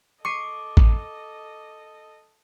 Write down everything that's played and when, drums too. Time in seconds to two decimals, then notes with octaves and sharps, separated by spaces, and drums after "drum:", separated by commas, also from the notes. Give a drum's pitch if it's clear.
0.25 A4 D#5 C#6 D6 C7 D#7
0.77 drum: kick A1